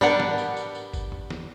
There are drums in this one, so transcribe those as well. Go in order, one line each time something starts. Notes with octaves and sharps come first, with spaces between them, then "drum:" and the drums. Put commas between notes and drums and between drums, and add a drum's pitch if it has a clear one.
G3 B3 D4 A#4 F#5, drum: tom G#2
drum: snare
drum: tambourine
drum: tambourine
drum: tambourine
drum: kick, tambourine
drum: tom E2
drum: snare